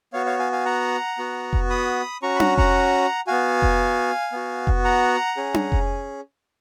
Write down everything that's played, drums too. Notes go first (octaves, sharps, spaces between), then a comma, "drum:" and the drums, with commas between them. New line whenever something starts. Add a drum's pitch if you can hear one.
B3 F#4 C#5 F5
C#5 F5
F5 G#5
F5 G#5
F#5 A#5
B3 F#4
drum: kick F1
B5 D#6
C#4 F#4 A#5 C#6
B5
F#5 A#5, drum: tom D4
F#5 A#5, drum: kick F1
B3 F#4 F5 G#5
drum: kick F1
B3 F#4
drum: kick F1
F#5 A#5
C#4 G#4
drum: tom D4
drum: kick F1